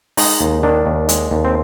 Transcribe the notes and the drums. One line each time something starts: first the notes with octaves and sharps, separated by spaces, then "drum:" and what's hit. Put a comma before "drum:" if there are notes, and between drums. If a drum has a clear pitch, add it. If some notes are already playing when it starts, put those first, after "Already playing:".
G#3 D#4, drum: open hi-hat
D#2
D#3 D4
D#2
G#3, drum: hi-hat
D#2
C4